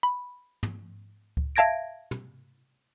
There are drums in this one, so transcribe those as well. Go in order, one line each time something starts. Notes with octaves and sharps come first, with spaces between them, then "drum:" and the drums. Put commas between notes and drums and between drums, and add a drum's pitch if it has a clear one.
B5
drum: tom
drum: kick C#2
E5 F5 A5 G#6 A#6 D7
drum: tom